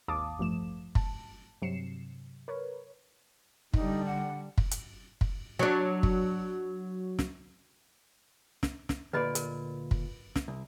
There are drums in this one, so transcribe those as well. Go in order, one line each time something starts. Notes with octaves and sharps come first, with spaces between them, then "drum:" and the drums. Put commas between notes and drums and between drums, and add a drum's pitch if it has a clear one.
G#1 D#2 F5 A5 D6 D#6
A1 G2 F3 A3 E7
A5, drum: kick
G2 C3 F#3 C7 C#7 E7
A#4 B4 C#5
D3 G3 D#4, drum: kick
F#5
drum: kick
drum: hi-hat
drum: kick
F#3 D4
drum: kick
drum: snare
drum: snare
drum: snare
D2 A#2 B4 D5 D#5 B5
A#4, drum: hi-hat
drum: kick
drum: snare
C2